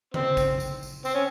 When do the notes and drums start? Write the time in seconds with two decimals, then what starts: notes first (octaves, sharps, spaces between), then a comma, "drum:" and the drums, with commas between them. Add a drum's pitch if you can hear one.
0.14 C4, drum: tom C#3
0.37 drum: kick G#1, tambourine
0.60 drum: tambourine
0.83 drum: tambourine
1.05 C4, drum: tambourine
1.14 C#4